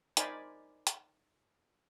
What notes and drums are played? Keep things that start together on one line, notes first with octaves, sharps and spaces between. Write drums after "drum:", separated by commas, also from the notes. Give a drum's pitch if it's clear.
D#4 A#4 C5 D5 G#5 B5, drum: hi-hat
drum: hi-hat